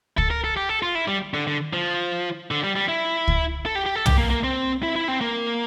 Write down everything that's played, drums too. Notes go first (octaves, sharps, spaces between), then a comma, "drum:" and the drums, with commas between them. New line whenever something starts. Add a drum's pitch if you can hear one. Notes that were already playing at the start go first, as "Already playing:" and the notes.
A4, drum: kick C#2
A#4
A4
G4
A4
F4
E4
G3
D3
D3
F3
D3
G3
G3
E4
drum: kick C#2
A4
G4
G4
A4
G4, drum: tom
A#3
A#3
C4
E4
E4
C4
A#3